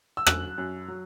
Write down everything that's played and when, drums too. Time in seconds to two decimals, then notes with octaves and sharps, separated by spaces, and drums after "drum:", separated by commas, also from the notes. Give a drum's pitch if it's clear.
0.17 E6
0.27 F#2 F#6, drum: rim click
0.58 F#2
0.88 F#3